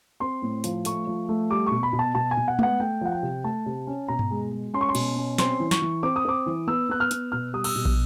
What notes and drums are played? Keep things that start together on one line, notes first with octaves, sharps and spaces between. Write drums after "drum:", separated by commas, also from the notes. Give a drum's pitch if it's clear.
C4 C6
A2
F3, drum: hi-hat
A3 C#6, drum: hi-hat
F3
A3
G3 D6
B2 C#6
B5
B2
A5
B2 A5
G#5
B2
F#5
B3 F#5, drum: tom G#3
A3 G5
F3 F#5
G5
C3
A3 A5
C3
C#4
B2 A#5
drum: tom G2
G#3
G#3
C#4 C6
C#6
C6
B2, drum: cymbal
C#4
C4 C6, drum: snare
E3
C#6, drum: snare
E3
C4 D6
D#6
C4 D6
E3
B3 E6
B3 F#6
F6
B3, drum: hi-hat
B2 F6
G3 D#6
E6, drum: cymbal
B2
drum: kick